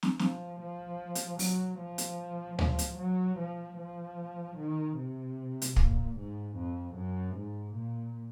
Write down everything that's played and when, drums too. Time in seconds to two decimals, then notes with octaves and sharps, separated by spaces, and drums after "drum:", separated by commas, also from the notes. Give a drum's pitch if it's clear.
0.03 drum: snare
0.19 F3, drum: snare
0.60 F3
1.15 drum: hi-hat
1.39 F#3, drum: open hi-hat
1.79 F3
1.98 drum: hi-hat
2.58 F3, drum: tom D2
2.79 drum: hi-hat
2.98 F#3
3.38 F3
3.77 F3
4.57 D#3
4.97 C3
5.62 drum: hi-hat
5.76 A#2, drum: kick
6.16 G#2
6.56 F2
6.95 F#2
7.36 G#2
7.75 A#2